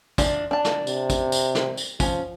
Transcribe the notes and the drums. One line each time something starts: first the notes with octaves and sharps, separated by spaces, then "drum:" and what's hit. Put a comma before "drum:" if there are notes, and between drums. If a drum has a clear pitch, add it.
E3 F3 D4, drum: kick, tambourine
D4 A5
drum: snare
C3, drum: tambourine
drum: kick, tambourine
drum: tambourine
drum: snare
drum: tambourine
F3 C#4, drum: kick, tambourine